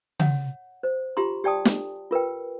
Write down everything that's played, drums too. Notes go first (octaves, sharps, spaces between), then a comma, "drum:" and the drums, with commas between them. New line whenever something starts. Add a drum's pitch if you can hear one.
C#5 F#5, drum: tom C#3
C5
F4 G4 A#5 C6
G4 D5 G5 A5 D#6
drum: snare
F4 A#4 B4 G5